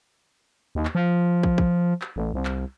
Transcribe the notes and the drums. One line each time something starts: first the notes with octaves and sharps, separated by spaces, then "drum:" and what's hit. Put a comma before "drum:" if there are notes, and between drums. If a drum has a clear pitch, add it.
D#2
drum: clap
F3
drum: kick
drum: kick
drum: clap
A1
C2
drum: clap